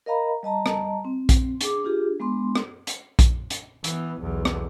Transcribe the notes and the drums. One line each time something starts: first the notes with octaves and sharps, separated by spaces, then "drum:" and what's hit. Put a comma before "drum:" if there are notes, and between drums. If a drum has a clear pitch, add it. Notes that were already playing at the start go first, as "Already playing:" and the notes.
A#4 D#5 F5 A#5 B5
G3 D#5 A5 A#5
drum: rim click
C4
drum: kick A#1, hi-hat
D4 G#4 D6, drum: hi-hat
D4 F4 G4 G#4
G#3 B3 D4 C6
drum: rim click
drum: hi-hat
drum: kick A#1, hi-hat
drum: hi-hat
E3 B3, drum: hi-hat
B1 E2
drum: rim click